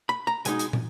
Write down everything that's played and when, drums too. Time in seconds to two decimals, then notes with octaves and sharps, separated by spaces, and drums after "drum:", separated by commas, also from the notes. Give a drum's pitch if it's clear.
0.09 B5
0.27 A#5
0.45 B2 G#3 D#4 G#5, drum: hi-hat
0.59 drum: hi-hat
0.73 drum: tom